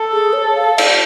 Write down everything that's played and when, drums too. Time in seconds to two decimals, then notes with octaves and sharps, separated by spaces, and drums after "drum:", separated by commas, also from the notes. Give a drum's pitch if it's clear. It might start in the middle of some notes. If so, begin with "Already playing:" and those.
Already playing: A4
0.12 G#4
0.33 C#5
0.55 F5
0.78 D5, drum: cymbal